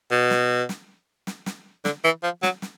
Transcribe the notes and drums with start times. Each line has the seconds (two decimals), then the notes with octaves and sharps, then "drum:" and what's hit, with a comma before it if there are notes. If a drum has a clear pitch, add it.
0.11 B2
0.30 drum: snare
0.69 drum: snare
1.27 drum: snare
1.46 drum: snare
1.85 D3, drum: snare
2.04 E3
2.23 F3
2.43 F#3, drum: snare
2.62 drum: snare